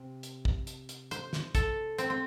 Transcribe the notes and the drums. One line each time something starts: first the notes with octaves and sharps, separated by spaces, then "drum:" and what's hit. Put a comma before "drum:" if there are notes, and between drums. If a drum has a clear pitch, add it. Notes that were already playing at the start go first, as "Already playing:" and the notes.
Already playing: C3
drum: hi-hat
drum: kick
drum: hi-hat
drum: hi-hat
C5, drum: hi-hat
drum: snare
A4, drum: kick, hi-hat
C4, drum: hi-hat
C4